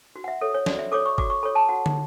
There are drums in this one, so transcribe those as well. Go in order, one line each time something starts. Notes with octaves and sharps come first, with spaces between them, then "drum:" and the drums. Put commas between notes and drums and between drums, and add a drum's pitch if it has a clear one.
F#4
F#5
E5
A4 C#5 E5
C#5
F#4 D5, drum: snare
E5
A4 C#5 D6
C#6
F#4 D6, drum: kick G1
C#6
A4 C#5 B5
A5
F#4 F#5
drum: tom